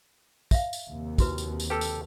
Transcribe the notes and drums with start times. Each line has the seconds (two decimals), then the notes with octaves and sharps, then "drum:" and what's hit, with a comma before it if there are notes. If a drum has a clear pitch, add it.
0.51 E5 F5, drum: kick, tambourine
0.73 drum: tambourine
0.89 D#2 C3
1.18 E4 F#4 B4, drum: kick, tambourine
1.38 drum: tambourine
1.60 drum: tambourine
1.70 G4 A4 B4 E6
1.81 drum: tambourine